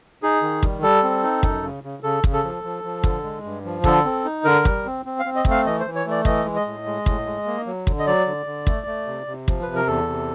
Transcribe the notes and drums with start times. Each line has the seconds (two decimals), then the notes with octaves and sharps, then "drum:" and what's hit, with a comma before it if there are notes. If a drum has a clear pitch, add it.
0.23 D#4 G#4
0.42 D#3
0.63 G3, drum: kick
0.82 G3 A4
1.03 C4
1.23 D#4
1.43 F#2, drum: kick
1.63 C#3
1.84 C#3
2.03 C#3 A4
2.24 C#3, drum: kick
2.33 A4
2.44 F3
2.64 F3
2.84 F3
3.04 D3, drum: kick
3.23 G#3
3.44 G2
3.65 F3
3.84 D3 A4, drum: kick
4.05 C4
4.24 D#4
4.45 D3 A#4
4.65 G3, drum: kick
4.85 C4
5.06 C4
5.19 F5
5.25 C4
5.36 D#5
5.45 A3, drum: kick
5.51 F5
5.66 E3 D#5
5.80 C5
5.86 E3
5.95 C#5
6.06 A3 D5
6.25 E3 D#5, drum: kick
6.45 G#3
6.56 D#5
6.66 A2
6.86 G#3
7.06 A2, drum: kick
7.26 G#3
7.46 A#3
7.66 F#3
7.87 D3, drum: kick
7.99 D#5
8.07 F#3 D5
8.26 D3
8.46 D3
8.67 A3, drum: kick
8.87 A3
9.07 C3
9.27 C3
9.48 F3, drum: kick
9.63 C3 B4
9.75 A#4
9.87 E2 A4
10.07 C3